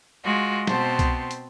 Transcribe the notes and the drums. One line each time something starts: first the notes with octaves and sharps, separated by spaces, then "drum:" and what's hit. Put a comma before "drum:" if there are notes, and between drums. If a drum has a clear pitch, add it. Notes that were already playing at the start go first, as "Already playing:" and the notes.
G#3 F4 F#4
B2 B3 C4 C5 A5, drum: snare
drum: kick C2, hi-hat
drum: hi-hat